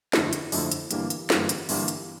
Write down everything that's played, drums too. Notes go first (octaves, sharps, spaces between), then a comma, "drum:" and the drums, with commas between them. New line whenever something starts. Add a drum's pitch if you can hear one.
G1 F2 D3 A3 E4, drum: snare
drum: hi-hat
G1 F2 D3 A3 E4, drum: open hi-hat
drum: hi-hat
G1 G2 E3 G3 A#3, drum: hi-hat
drum: hi-hat
G1 G2 E3 G3 A#3, drum: snare
drum: hi-hat
G1 G2 E3 G3 A#3, drum: open hi-hat
drum: hi-hat